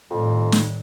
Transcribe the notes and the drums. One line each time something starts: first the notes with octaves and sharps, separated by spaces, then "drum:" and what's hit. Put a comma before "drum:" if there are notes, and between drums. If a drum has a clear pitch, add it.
F2 A2 D#3 G3
drum: snare